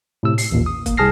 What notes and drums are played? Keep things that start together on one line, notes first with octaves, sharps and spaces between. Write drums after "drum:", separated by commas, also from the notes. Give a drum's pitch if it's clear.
A2 C3 E6
C7, drum: open hi-hat
A1 D#2 A#2
D#6
A#3, drum: kick, hi-hat
C2 G#4 A5 F6 A#6 C7